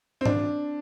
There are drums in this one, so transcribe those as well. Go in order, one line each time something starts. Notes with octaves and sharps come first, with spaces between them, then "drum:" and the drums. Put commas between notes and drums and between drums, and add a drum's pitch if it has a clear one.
C4
D4, drum: tom G#2